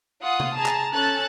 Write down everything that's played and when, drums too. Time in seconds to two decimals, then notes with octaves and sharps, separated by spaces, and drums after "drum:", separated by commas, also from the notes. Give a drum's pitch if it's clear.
0.21 F4 F#5 D#6
0.40 drum: tom C3
0.56 G#4 A5 A#5
0.66 drum: clap
0.92 C#4 A4 A5 F#6 A6